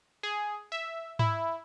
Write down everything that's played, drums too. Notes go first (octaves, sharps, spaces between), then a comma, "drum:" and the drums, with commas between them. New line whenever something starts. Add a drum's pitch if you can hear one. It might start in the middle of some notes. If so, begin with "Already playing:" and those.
G#4
E5
E4, drum: tom G#2